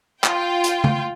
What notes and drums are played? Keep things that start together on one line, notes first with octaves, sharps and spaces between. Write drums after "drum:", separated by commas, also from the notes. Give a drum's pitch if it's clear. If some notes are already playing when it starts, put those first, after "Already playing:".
F4 G5, drum: clap
drum: hi-hat
drum: tom C#3